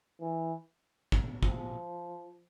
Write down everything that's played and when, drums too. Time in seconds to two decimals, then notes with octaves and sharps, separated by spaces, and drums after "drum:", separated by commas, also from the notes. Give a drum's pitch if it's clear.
0.21 E3
1.12 drum: kick
1.43 F3, drum: kick